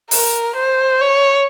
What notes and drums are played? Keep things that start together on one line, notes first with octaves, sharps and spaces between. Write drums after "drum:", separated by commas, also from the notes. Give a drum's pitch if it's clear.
A#4, drum: open hi-hat
C5
C#5